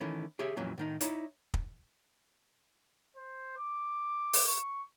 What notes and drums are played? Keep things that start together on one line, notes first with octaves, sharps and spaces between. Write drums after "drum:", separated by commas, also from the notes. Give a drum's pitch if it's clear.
D#3 E3 A3 C#4
G4 G#4 C#5 E5
F2 A#2 E3 F#3 C#4
A2 D#3 D#4
D#4 E4 C#5 D5, drum: hi-hat
drum: kick
C5
D6
drum: open hi-hat
C#6